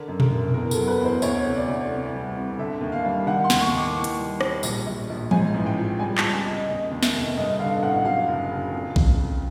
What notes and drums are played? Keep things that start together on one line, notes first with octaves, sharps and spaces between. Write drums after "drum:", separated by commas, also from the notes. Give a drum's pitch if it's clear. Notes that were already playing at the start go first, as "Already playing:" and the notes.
Already playing: D3 A#4
F#2
A#4, drum: tom A#2
F#1
E2 A#4
A4, drum: tambourine
F#3
B4
E2 C5
D2 C#5, drum: tambourine
C3
D5
D2
C2
G3
C2
D3 E5
D#2
F5
G3
D#3 F#5
C6
D#2, drum: snare
C#6
D#2
D6
E3 C#6
drum: hi-hat
G3
G3, drum: rim click
A#1, drum: tambourine
A#1
A#1
G#2 G#5, drum: tom E3
A1
G5
F3
G3 G#5
C#2 A5, drum: clap
G#5
C#2
D#5
D#2 D#5
D#2
E5, drum: snare
F1
G2 D#5
D3 F5
A1 F#5
F#3 F5
F#1
C#3
F2
F2, drum: kick B1
F2